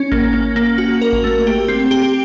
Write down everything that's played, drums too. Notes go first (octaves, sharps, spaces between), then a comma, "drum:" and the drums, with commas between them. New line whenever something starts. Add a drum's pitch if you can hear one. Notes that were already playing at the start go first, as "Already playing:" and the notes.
Already playing: C#4
A#3, drum: kick G#1
A#3
A#3
F#4
A#4
drum: kick G#1
A3
G4
C4
G4